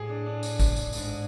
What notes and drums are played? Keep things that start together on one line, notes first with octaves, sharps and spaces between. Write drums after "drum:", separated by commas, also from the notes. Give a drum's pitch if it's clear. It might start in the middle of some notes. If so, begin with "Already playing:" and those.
Already playing: A2 G#4
D4
D4
drum: tambourine
drum: kick, tambourine
drum: tambourine
G#2 D4, drum: tambourine